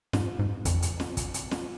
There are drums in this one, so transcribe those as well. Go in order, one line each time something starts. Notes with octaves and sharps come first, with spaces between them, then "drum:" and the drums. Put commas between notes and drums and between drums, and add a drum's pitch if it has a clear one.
G#2, drum: snare
G#2
F2, drum: kick, hi-hat
drum: hi-hat
drum: snare
drum: kick, hi-hat
drum: hi-hat
drum: snare